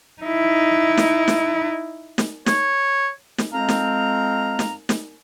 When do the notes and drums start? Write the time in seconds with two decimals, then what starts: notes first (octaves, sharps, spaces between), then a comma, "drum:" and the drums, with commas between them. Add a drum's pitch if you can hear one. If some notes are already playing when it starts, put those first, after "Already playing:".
0.22 D#4 E4
0.97 drum: snare
1.28 drum: snare
2.18 drum: snare
2.46 C#5, drum: snare
3.38 drum: snare
3.52 F2 G#3 C4 F5 A#5
3.69 drum: snare
4.59 drum: snare
4.89 drum: snare